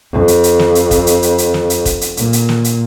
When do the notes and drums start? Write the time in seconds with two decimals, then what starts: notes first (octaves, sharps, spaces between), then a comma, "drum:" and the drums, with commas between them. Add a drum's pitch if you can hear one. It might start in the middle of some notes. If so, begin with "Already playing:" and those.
0.13 F2
0.28 drum: hi-hat
0.44 drum: hi-hat
0.59 drum: snare
0.75 drum: hi-hat
0.91 drum: kick, hi-hat
1.07 drum: hi-hat
1.22 drum: hi-hat
1.38 drum: hi-hat
1.54 drum: snare
1.70 drum: hi-hat
1.86 drum: kick, hi-hat
2.01 drum: hi-hat
2.17 A#2, drum: hi-hat
2.33 drum: hi-hat
2.49 drum: snare
2.64 drum: hi-hat